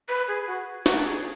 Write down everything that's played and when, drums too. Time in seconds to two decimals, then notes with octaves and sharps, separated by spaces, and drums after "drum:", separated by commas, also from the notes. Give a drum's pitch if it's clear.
0.09 B4
0.28 G#4
0.47 F#4
0.86 F#4, drum: snare
0.98 A4
1.05 G#4